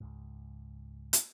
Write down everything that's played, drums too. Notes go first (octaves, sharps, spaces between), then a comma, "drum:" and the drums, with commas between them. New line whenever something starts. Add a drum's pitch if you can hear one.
C#2 G#2
drum: hi-hat